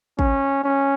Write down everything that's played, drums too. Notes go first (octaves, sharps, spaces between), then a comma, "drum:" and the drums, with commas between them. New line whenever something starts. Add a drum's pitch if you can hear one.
C#4, drum: kick
C#4